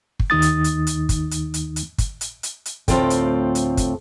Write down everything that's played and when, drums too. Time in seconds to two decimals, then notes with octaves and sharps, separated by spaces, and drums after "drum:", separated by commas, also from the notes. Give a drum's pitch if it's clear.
0.20 drum: kick
0.30 D#2 D#3 D#4 D#6 A6
0.42 drum: hi-hat
0.64 drum: hi-hat
0.87 drum: hi-hat
1.09 drum: kick, hi-hat
1.31 drum: hi-hat
1.54 drum: hi-hat
1.76 drum: hi-hat
1.98 drum: kick, hi-hat
2.21 drum: hi-hat
2.43 drum: hi-hat
2.66 drum: hi-hat
2.88 D2 A2 C4 F4 A4 G5, drum: kick, hi-hat
3.10 drum: hi-hat
3.55 drum: hi-hat
3.77 drum: kick, hi-hat